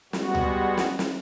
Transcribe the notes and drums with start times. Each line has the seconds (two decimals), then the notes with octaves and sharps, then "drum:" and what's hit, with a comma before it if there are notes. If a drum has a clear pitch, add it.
0.13 G3 G#3 B3 F#4, drum: snare
0.35 drum: tom C#2
0.77 drum: snare
0.99 drum: snare